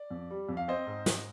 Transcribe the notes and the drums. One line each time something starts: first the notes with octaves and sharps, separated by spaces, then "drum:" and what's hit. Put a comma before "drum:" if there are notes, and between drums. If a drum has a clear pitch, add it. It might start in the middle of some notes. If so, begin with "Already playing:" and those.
Already playing: D5
F2
G3
F2
F5
C4 C5 D#5
G#2
G#2, drum: snare